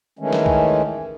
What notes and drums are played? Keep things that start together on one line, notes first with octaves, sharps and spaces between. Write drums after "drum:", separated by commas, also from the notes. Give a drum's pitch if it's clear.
D#3 E3 G#3 A3 C#4
drum: snare
drum: kick B1